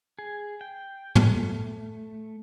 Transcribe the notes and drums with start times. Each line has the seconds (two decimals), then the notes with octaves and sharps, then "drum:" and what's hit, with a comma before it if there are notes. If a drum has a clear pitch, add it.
0.19 G#4
0.61 G5
1.15 A3, drum: tom